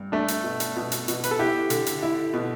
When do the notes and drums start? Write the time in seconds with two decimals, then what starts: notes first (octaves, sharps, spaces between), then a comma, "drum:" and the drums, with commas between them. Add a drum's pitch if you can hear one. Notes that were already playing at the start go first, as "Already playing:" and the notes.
Already playing: G2
0.12 A3 D4
0.28 drum: hi-hat
0.44 B2
0.60 drum: hi-hat
0.76 B2
0.92 drum: hi-hat
1.08 B2, drum: hi-hat
1.24 B4, drum: hi-hat
1.31 A4
1.39 E4 G4
1.70 D3, drum: hi-hat
1.86 drum: hi-hat
2.03 E4
2.33 B2